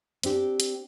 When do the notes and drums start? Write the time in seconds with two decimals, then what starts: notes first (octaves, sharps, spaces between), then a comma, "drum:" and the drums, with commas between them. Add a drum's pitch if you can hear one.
0.23 C4 D4 G4, drum: hi-hat
0.60 drum: hi-hat